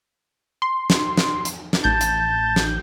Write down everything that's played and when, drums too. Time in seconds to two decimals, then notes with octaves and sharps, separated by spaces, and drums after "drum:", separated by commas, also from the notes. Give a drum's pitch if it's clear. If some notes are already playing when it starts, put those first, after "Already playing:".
0.62 C6
0.90 drum: snare
1.17 drum: snare
1.45 drum: hi-hat
1.73 drum: snare
1.84 A1 A5 G6
2.01 drum: hi-hat
2.56 drum: snare